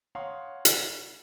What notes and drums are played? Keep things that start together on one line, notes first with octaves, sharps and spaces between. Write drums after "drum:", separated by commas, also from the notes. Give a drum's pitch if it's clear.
C#5 F5 F#5 A#5 C6 D#6
drum: hi-hat